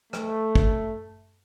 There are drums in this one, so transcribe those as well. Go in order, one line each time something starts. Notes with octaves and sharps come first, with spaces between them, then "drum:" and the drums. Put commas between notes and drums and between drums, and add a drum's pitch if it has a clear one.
A3, drum: rim click
drum: kick